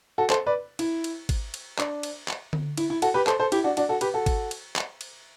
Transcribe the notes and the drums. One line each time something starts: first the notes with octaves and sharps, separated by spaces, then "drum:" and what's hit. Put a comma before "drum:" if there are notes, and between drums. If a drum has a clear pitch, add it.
F#4 A4
A4 C5, drum: clap
B4 D5
E4, drum: cymbal
drum: cymbal
drum: kick G#1, cymbal
drum: cymbal
D4, drum: clap
drum: cymbal
drum: clap
drum: tom D3
E4, drum: cymbal
E4
F#4 A4, drum: cymbal
G4 B4
A4 C5, drum: clap
A4 C5
E4 G4, drum: cymbal
D4 F#4
D4 F#4, drum: cymbal
F#4 A4
G4 B4, drum: cymbal
F#4 A4
drum: kick G#1, cymbal
drum: cymbal
drum: clap
drum: cymbal